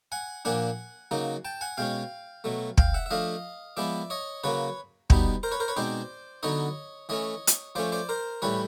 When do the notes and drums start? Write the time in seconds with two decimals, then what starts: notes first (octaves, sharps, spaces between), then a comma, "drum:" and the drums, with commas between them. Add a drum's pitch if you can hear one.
0.12 F#5 G#5
0.45 A#2 F3 A#3 D4 F#5 G#5
1.11 C#3 F#3 A#3 D#4
1.45 G5 A5
1.61 F#5 G#5
1.77 B2 G#3 C#4 F5 G5
2.44 B2 F#3 A3
2.77 F5 G5, drum: kick
2.94 E5 F#5
3.06 E5
3.10 F3 A3 D4 D#5 F5
3.77 F3 G#3 B3 D5 E5
4.10 C#5 D#5
4.44 C#3 F#3 A#3 B4 C#5
5.10 B2 G3 B3 D#4, drum: kick
5.43 A#4 C5
5.52 B4 C#5
5.60 A#4 C5
5.68 B4 C#5
5.76 B2 G#3 C4 D#4 C5 D5
6.43 D3 F#3 B3 D#4 C#5 D#5
7.09 E3 A3 C#4 C#5 D#5
7.47 drum: hi-hat
7.75 F3 A3 C#4 C5 D5
7.92 C5 D5
8.09 A#4 C5
8.42 A2 E3 G3 B4 C#5